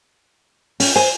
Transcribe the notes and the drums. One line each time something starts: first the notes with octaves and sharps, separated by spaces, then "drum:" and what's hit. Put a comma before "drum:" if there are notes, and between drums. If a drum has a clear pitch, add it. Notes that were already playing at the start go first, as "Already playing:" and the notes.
C#4 G5, drum: open hi-hat
C5 G#5